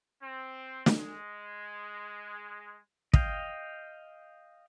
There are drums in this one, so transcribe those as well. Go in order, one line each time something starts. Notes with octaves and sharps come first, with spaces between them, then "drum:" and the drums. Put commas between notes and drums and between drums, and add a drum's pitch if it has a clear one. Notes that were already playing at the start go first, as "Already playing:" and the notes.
C4
drum: snare
G#3
D#5 F5 G5, drum: kick